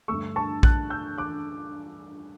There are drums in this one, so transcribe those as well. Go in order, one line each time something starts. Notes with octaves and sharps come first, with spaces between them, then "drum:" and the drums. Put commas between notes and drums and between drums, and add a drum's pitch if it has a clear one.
G2 D3 A3 C#6 E6
A5 C#6
F#6 A6, drum: kick A#1
E6 G6
D6 F#6